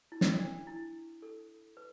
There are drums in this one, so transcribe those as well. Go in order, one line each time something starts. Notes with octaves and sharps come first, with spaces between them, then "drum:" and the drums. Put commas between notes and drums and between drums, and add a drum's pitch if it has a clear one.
E4
drum: snare
D4
E4
A4
B4